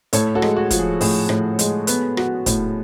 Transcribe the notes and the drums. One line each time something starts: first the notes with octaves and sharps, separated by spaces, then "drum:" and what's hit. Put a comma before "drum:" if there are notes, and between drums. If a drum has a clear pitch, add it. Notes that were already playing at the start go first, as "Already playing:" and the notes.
A2 A4 C#5, drum: hi-hat
F#4 A4
G#3, drum: rim click
F#4
F3, drum: kick, hi-hat
G#4
A2 G#4, drum: open hi-hat
A2, drum: rim click
G#3, drum: hi-hat
B3, drum: hi-hat
F#4, drum: rim click
A2, drum: kick, hi-hat